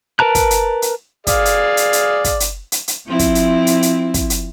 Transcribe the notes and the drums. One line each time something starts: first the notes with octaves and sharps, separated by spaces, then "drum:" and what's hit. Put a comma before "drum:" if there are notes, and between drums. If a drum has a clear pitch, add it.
A#4 B4 A5 A#5 F#6
drum: kick, hi-hat
drum: hi-hat
drum: hi-hat
G#4 D5 F5, drum: kick, hi-hat
drum: hi-hat
drum: hi-hat
drum: hi-hat
drum: kick, hi-hat
drum: hi-hat
drum: hi-hat
drum: hi-hat
F3 C4 E4
drum: kick, hi-hat
drum: hi-hat
drum: hi-hat
drum: hi-hat
drum: kick, hi-hat
drum: hi-hat